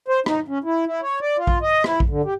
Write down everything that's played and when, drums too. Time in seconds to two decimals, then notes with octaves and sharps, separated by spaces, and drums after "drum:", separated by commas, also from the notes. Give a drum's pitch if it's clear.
0.08 C5
0.26 D#4, drum: rim click
0.48 C#4
0.64 E4
0.86 E4
1.02 C#5
1.21 D5
1.37 F4
1.47 drum: kick A#1
1.62 D#5
1.84 E4, drum: rim click
2.00 drum: kick A#1
2.09 D3
2.25 G4